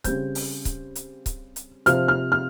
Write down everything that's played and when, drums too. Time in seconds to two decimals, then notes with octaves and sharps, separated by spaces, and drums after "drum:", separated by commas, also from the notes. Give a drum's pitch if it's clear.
0.04 C#3 G3 C4 G6, drum: kick C#1, hi-hat
0.35 drum: open hi-hat
0.65 drum: kick C#1, hi-hat
0.95 drum: hi-hat
1.26 drum: kick C#1, hi-hat
1.56 drum: hi-hat
1.86 C3 F3 C4 F6, drum: hi-hat
2.08 F6
2.32 F6